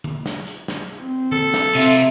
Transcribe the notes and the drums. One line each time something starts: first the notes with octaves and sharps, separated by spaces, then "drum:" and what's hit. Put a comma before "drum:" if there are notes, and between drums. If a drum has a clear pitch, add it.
drum: tom D3
drum: snare
drum: hi-hat
drum: snare
C4
A4, drum: tom D3
drum: snare
C3 C4 F4 E5